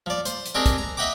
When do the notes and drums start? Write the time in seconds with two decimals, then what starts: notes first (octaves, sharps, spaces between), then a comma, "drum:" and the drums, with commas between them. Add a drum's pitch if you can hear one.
0.06 F3 D5
0.25 C5, drum: hi-hat
0.46 drum: hi-hat
0.55 C4 D4 G4 G#4 A#4 D#5
0.66 drum: kick, hi-hat
0.78 A#5
0.97 D#5 E5 F#5 G5 A#5 D6